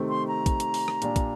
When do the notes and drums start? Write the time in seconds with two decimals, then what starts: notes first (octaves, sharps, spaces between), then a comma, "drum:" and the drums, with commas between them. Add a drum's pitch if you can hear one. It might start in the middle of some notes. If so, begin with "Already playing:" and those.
Already playing: C3 D#3 A3 C4
0.09 C6
0.28 A#5
0.46 drum: kick, hi-hat
0.60 drum: hi-hat
0.74 drum: open hi-hat
0.88 drum: rim click
1.02 A#2 G3 D4, drum: hi-hat
1.16 drum: kick, hi-hat